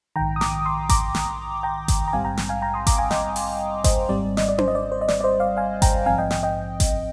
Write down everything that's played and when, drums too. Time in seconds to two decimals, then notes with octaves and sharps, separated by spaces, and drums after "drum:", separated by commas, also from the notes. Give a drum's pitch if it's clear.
0.16 A#1 G#2 D#3 G5 A#5
0.36 D#6
0.41 A#5 D6, drum: snare
0.66 C6 D#6
0.89 A#5 D6, drum: kick G#1, hi-hat
1.15 drum: snare
1.63 G5 A#5
1.88 drum: kick G#1, hi-hat
2.08 A#5
2.13 A#1 G#2 G3 C4 F5 G#5
2.25 G5 A#5
2.37 drum: snare
2.49 F5 G#5
2.62 G5 A#5
2.74 C6 D#6
2.87 A#5 D6, drum: kick G#1, hi-hat
2.98 F5 G#5
3.11 D#5 G5, drum: snare
3.36 drum: open hi-hat
3.84 C5 D#5, drum: kick G#1, hi-hat
4.09 G#1 G#2 G3 C4 D5
4.37 D#5, drum: snare
4.49 D5
4.58 C5, drum: tom C#4
4.68 D#5
4.75 D5
4.92 C5
5.01 D#5
5.08 D5, drum: snare
5.21 D5
5.24 C5 D#5
5.40 D5 F5
5.57 F5 G#5
5.82 G5 A#5, drum: kick G#1, hi-hat
6.06 A#1 G#2 F3 C4 F5 G#5
6.18 D#5 G5
6.31 D#5 G5, drum: snare
6.43 D#5 G5
6.80 drum: kick G#1, hi-hat